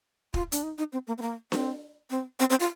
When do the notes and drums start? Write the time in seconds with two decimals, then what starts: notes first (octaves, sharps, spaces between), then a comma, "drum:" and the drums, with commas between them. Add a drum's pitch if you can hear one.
0.34 F4, drum: kick
0.52 D4, drum: hi-hat
0.63 D#4
0.78 D#4
0.93 C4
1.07 A#3
1.18 C4
1.22 A#3
1.52 C4, drum: snare D4
2.10 C4
2.40 C4
2.50 C4
2.60 F4